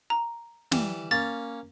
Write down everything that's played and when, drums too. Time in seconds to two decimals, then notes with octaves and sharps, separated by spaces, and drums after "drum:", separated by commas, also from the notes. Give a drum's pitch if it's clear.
0.10 A#5
0.72 E3 G3, drum: snare
1.11 A#3 C#4 A6